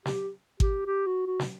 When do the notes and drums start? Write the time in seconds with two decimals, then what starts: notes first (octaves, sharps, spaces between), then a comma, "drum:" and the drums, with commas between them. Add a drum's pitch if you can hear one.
0.06 G4, drum: snare
0.60 G4, drum: kick G#1
0.86 G4
1.06 F#4
1.26 F#4
1.39 drum: snare